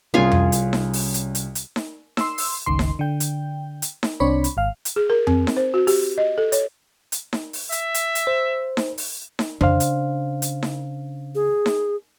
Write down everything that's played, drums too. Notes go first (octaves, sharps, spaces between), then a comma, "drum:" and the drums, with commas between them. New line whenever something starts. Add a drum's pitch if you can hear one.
C2 C#4 F4 G#4 G#5
drum: tom F2
drum: hi-hat
drum: snare D#4
drum: open hi-hat
drum: hi-hat
drum: hi-hat
drum: hi-hat
drum: snare D#4
C6 E6, drum: snare D#4
drum: open hi-hat
G1 C#2 D#3 C6
drum: snare D#4
D3 G5
drum: hi-hat
drum: hi-hat
drum: snare D#4
C2 C4 D4 C#5 B5
drum: hi-hat
G#1 F5
drum: hi-hat
G#4
A#4
C4, drum: tom F2
drum: snare D#4
C5
F#4
G4, drum: open hi-hat
D#5
A4
C#5, drum: hi-hat
drum: hi-hat
drum: snare D#4
drum: open hi-hat
E5, drum: hi-hat
drum: hi-hat
drum: hi-hat
C5
drum: snare D#4
drum: open hi-hat
drum: snare D#4
C#3 D4 C5 F5, drum: tom F2
drum: hi-hat
drum: hi-hat
drum: snare D#4
G#4
drum: snare D#4